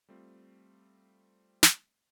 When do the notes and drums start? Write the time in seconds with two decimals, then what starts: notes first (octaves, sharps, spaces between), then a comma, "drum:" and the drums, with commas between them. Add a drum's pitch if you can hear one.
0.09 G3 A3 C4 F4
1.63 drum: snare